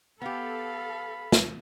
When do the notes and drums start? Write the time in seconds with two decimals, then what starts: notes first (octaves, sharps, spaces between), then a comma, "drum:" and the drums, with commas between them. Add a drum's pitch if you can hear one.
0.22 B3 G4 A4 F5 B5
1.32 drum: snare